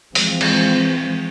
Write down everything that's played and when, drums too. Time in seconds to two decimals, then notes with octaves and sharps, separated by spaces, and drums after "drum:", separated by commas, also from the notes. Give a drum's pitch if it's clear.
0.15 E3 F3 G#3 C4, drum: open hi-hat
0.41 drum: cymbal